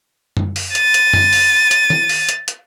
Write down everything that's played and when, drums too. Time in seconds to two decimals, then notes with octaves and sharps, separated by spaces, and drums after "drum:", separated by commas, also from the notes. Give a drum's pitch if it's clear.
0.37 drum: tom F#2
0.56 drum: open hi-hat
0.75 A6 D#7, drum: hi-hat
0.94 drum: hi-hat
1.13 drum: tom F#2
1.33 drum: open hi-hat
1.71 drum: hi-hat
1.90 drum: tom D#3
2.09 drum: open hi-hat
2.29 drum: hi-hat
2.48 drum: hi-hat